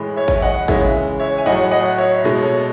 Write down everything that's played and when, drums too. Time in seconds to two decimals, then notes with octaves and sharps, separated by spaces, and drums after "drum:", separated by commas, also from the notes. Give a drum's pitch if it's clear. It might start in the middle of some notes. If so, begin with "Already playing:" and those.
Already playing: A2 E3 G#3
0.16 C#5 E5
0.28 drum: kick G#1
0.42 D#5 F#5
0.68 C#3 E3 G#3 C#5 E5, drum: kick G#1
1.20 C#5 E5
1.38 G#5
1.46 A2 F#3 D#5 F#5
1.71 D#5 F#5
1.98 C#5 E5
2.24 B2 G#3
2.42 A4 C#5